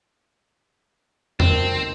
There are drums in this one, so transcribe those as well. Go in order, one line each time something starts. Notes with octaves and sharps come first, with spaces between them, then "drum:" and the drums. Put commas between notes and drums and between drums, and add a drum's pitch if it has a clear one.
D#3 C4 A4, drum: tom